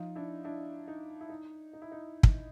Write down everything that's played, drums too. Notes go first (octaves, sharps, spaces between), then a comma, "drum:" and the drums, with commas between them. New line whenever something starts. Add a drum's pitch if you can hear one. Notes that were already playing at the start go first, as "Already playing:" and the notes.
Already playing: F3 D#4 F4
D4 E4
D4 E4
D#4
E4
D#4
D#4
E4
D#4
drum: kick